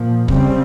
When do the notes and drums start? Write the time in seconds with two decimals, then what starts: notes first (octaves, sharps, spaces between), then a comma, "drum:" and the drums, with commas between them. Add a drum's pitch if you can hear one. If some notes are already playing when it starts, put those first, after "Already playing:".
Already playing: A#2 F3
0.28 C#3 G3 C4, drum: kick